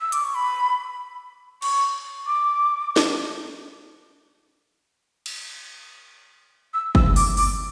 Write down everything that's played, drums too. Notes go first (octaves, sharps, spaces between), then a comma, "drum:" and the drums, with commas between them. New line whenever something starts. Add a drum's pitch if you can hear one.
E6
D6, drum: hi-hat
C#6
B5
C#6, drum: cymbal
D6
drum: snare
drum: cymbal
E6
E6, drum: kick
D6, drum: open hi-hat
D6, drum: open hi-hat